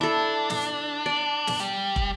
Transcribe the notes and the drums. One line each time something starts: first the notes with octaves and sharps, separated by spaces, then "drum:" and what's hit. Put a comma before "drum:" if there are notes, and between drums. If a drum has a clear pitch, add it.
D4 E4 A4
drum: snare
D5
drum: snare
G3
drum: kick